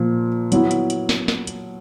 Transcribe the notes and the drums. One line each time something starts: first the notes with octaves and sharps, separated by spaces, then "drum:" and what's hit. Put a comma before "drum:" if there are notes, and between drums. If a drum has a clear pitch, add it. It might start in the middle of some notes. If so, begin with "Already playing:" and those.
Already playing: A#2 F3
F#3 B3 E4, drum: hi-hat
drum: hi-hat
drum: hi-hat
drum: snare
drum: snare
drum: hi-hat